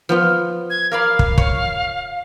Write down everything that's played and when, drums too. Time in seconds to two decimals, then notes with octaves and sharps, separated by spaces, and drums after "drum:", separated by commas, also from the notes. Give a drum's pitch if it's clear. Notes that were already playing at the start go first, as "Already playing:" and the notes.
0.09 F3 B3 F4
0.70 G#6
0.91 A#4 D5 F5 B5
1.19 drum: kick
1.38 C#5, drum: kick